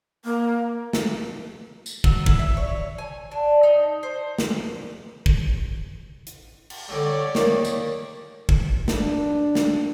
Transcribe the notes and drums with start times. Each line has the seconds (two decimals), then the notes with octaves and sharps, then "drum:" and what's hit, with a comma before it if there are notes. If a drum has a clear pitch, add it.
0.24 A#3
0.93 drum: snare
1.86 drum: tambourine
2.04 F#3, drum: kick
2.26 E4, drum: kick
2.39 E5
2.57 C#5
2.98 G#5
3.31 D4
3.63 D#4
4.03 C5
4.38 drum: snare
5.26 drum: kick
6.27 drum: hi-hat
6.70 drum: cymbal
6.89 D3 F#3 G3 C#5 D5
7.35 D#3 G3 A#3, drum: snare
7.65 drum: tambourine
8.49 drum: kick
8.88 D4, drum: snare
9.55 drum: snare